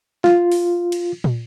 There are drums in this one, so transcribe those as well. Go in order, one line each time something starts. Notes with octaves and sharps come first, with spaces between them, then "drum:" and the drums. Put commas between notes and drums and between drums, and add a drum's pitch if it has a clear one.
F4, drum: snare
drum: open hi-hat
drum: cymbal
drum: tom